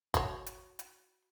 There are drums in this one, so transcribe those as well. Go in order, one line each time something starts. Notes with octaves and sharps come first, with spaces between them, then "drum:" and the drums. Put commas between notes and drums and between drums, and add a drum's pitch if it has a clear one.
F#4 C#5, drum: kick, hi-hat
drum: hi-hat
drum: hi-hat